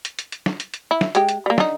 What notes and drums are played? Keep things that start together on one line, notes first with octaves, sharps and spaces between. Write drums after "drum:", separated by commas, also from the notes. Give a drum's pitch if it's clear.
drum: hi-hat
drum: hi-hat
drum: hi-hat
drum: snare
drum: hi-hat
drum: hi-hat
E4
drum: snare
G#3 G4, drum: hi-hat
drum: hi-hat
G3 A#3
D3 D#4, drum: snare